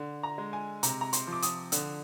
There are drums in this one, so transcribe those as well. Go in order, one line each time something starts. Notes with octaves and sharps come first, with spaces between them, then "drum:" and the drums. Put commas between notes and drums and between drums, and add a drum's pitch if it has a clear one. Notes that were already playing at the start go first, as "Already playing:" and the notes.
Already playing: D3
A#5
G#3
G#5
C3 A#5, drum: hi-hat
A#5
C6, drum: hi-hat
F3
D6
D#6, drum: hi-hat
D3, drum: hi-hat